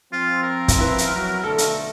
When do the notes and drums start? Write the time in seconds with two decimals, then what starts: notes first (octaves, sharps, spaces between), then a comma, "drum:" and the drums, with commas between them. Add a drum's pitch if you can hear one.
0.13 F3 C4 F4
0.43 A#4
0.68 drum: kick, hi-hat
0.78 E4 B4
0.98 drum: hi-hat
1.13 F#3
1.44 B1 D3 A3 A4
1.58 drum: hi-hat